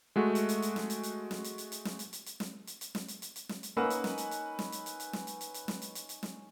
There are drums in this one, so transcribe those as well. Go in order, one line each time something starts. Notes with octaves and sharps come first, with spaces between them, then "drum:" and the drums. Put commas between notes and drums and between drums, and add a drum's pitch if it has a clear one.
G#3 A3 F#4
drum: hi-hat
drum: hi-hat
drum: hi-hat
drum: snare
drum: hi-hat
drum: hi-hat
drum: snare
drum: hi-hat
drum: hi-hat
drum: hi-hat
drum: snare
drum: hi-hat
drum: hi-hat
drum: hi-hat
drum: snare
drum: hi-hat
drum: hi-hat
drum: snare
drum: hi-hat
drum: hi-hat
drum: hi-hat
drum: snare
drum: hi-hat
A#3 C#4 D#4 B4 F#5 E6
drum: hi-hat
drum: snare
drum: hi-hat
drum: hi-hat
drum: snare
drum: hi-hat
drum: hi-hat
drum: hi-hat
drum: snare
drum: hi-hat
drum: hi-hat
drum: hi-hat
drum: snare
drum: hi-hat
drum: hi-hat
drum: hi-hat
drum: snare